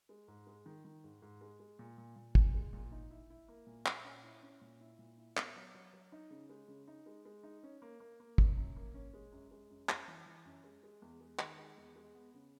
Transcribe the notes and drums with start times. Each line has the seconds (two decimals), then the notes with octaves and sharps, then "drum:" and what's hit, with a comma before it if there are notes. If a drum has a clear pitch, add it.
0.09 G#3
0.28 G#2
0.47 G#3
0.66 D#3
0.85 D#3
1.04 G#2
1.22 G#2
1.41 G#3
1.60 G#3
1.79 A#2
1.98 A#2
2.16 A#2
2.35 A#2, drum: kick
2.54 G#3
2.73 A#2
2.92 D#4
3.11 E4
3.30 E4
3.48 A#3
3.67 A#2
3.86 A#2, drum: clap
4.05 C#4
4.24 E4
4.43 C#4
4.61 A#2
4.80 E4
4.99 A#2
5.18 E4
5.37 B3, drum: clap
5.56 F#3
5.75 F#3
5.93 F#3
6.12 D#4
6.30 C#3
6.49 G#3
6.68 C#3
6.88 D#4
7.06 G#3
7.25 G#3
7.43 D#4
7.63 C#4
7.82 A#3
8.00 A#3
8.20 A#3
8.38 F#2, drum: kick
8.57 F#2
8.76 A#3
8.94 C#4
9.14 G#3
9.32 F#2
9.51 G#3
9.70 F#2
9.89 F#2, drum: clap
10.08 E3
10.26 E3
10.45 F#2
10.64 G#3
10.83 G#3
11.02 E2
11.21 G#3
11.39 D#3, drum: clap
11.58 G#3
11.77 E2
11.96 G#3
12.15 B3
12.34 C#3